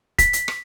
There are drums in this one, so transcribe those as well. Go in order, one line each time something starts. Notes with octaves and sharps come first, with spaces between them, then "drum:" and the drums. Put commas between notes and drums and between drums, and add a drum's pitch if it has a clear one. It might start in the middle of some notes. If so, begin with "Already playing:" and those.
B6, drum: kick, hi-hat
drum: hi-hat
drum: rim click